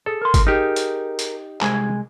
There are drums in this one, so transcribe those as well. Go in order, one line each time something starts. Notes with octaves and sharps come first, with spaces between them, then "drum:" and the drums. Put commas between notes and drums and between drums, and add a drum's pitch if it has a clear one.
G#4 A4
A#4 C6
drum: kick, hi-hat
D#4 G4 G#4 A#4
drum: hi-hat
drum: hi-hat
C2 G#3 G#5, drum: clap